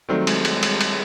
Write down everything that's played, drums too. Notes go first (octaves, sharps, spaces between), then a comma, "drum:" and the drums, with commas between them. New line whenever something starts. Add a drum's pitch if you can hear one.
D#3 F#3 G3 A3 C4
G#3, drum: cymbal
drum: cymbal
drum: cymbal
drum: cymbal